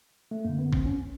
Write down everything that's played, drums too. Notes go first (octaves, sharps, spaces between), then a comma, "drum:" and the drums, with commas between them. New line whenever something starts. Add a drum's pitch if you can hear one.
A3
F#2 D3 A#3
B3
C4, drum: kick
C#4